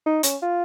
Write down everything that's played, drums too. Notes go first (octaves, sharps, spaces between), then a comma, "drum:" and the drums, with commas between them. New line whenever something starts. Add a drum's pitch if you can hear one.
D#4
C#4, drum: hi-hat
F4